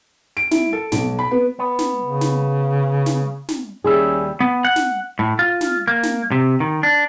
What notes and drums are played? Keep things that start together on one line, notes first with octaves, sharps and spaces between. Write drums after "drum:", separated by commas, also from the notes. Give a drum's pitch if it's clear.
D7
E4, drum: snare
A4
B1, drum: snare
B5
B3
B3
drum: snare
C#3
drum: snare
drum: snare
drum: snare
D#2 G3 C#4 G#4 E5
B3
F#5
drum: snare
A2
F4
drum: snare
A#3
drum: snare
C3
D#3
D4